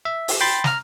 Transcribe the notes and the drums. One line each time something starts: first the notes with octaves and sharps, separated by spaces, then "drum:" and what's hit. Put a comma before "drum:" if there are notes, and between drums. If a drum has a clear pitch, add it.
E5
drum: open hi-hat
G5 B5 C6 A6
A#5 F6, drum: snare